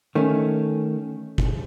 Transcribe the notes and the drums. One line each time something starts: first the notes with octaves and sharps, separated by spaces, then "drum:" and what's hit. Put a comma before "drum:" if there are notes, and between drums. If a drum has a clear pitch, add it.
D#3 A3 C#4
drum: kick G1